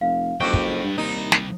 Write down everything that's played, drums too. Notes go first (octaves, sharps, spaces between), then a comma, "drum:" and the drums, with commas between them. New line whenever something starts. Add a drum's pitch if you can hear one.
F1 F5
F#1 F2 F#4 B4 G5 D7
drum: kick
G2
D#2 C3 G3 D#4
drum: snare